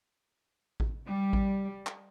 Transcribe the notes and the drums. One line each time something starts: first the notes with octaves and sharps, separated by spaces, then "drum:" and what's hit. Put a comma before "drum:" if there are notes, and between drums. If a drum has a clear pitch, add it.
drum: kick A1
G3
drum: kick A1
drum: clap